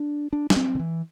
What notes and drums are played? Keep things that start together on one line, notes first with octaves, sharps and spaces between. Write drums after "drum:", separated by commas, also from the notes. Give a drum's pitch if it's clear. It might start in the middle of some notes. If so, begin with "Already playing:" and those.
Already playing: D4
D4
D4, drum: snare
C4
D3
E3